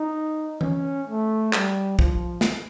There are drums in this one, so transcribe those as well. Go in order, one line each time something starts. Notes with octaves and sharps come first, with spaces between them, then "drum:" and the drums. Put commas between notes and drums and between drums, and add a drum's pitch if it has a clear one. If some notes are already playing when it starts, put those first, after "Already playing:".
Already playing: D#4
C#4, drum: tom E3
A3
G3, drum: clap
F3, drum: kick
drum: snare